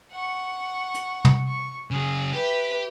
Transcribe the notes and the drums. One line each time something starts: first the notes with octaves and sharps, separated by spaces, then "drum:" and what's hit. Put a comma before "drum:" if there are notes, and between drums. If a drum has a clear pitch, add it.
F#5 C#6
drum: hi-hat
drum: tom
C#6
C#3 F#3 G#4
G4 B4 E5